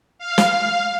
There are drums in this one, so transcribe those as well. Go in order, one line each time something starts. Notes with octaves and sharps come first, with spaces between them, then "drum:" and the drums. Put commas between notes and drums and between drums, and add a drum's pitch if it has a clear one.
F5
drum: snare